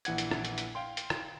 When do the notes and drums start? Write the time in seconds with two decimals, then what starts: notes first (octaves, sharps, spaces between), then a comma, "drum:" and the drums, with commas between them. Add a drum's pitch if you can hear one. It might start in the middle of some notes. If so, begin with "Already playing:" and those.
0.05 A#1 E3 F#5 G#6, drum: hi-hat
0.18 drum: hi-hat
0.31 drum: rim click
0.45 drum: hi-hat
0.58 drum: hi-hat
0.75 F5 G5 C6
0.97 drum: hi-hat
1.10 drum: rim click